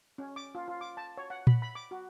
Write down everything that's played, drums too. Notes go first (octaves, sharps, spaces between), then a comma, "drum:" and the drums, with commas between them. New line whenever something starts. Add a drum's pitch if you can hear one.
C#4
D6
F4
F4
D6
A5
C#5
F#5
B5, drum: tom A#2
B5
D6
F#4